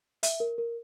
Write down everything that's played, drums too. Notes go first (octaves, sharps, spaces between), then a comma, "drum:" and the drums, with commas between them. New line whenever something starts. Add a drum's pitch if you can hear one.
E5, drum: hi-hat
A#4
A#4